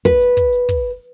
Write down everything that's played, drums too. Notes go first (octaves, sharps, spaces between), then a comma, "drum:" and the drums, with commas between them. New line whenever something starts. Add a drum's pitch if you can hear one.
B4, drum: kick, hi-hat
drum: hi-hat
drum: kick, hi-hat
drum: hi-hat
drum: kick, hi-hat